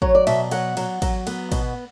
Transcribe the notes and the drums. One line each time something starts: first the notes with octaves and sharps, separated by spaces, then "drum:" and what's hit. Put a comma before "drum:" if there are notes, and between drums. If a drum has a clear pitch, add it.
F#3 C#5, drum: kick
D5
B2 E5, drum: cymbal
F#3 F#5, drum: cymbal
F#3, drum: cymbal
F#3, drum: kick, cymbal
B3, drum: cymbal
B2, drum: kick, cymbal